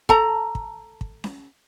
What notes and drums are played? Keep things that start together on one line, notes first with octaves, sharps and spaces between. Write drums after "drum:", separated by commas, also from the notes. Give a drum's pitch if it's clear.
A4 A#5, drum: kick
drum: kick
drum: kick
drum: snare C#4